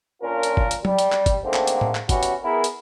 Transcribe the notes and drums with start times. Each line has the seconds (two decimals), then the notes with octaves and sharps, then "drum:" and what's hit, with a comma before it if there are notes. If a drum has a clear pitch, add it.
0.22 A#2 C#4 D4 F4 A#4
0.43 drum: hi-hat
0.57 drum: kick
0.71 drum: hi-hat
0.85 G3, drum: tom
0.99 drum: hi-hat
1.12 drum: clap
1.26 drum: kick, hi-hat
1.44 G#2 D3 A3 A#3 C4
1.54 drum: clap
1.67 drum: hi-hat
1.81 drum: tom A2
1.95 drum: clap
2.09 E3 G3 B3 C#4 F#4, drum: kick, hi-hat
2.23 drum: hi-hat
2.43 B3 E4 G#4 A#4
2.64 drum: hi-hat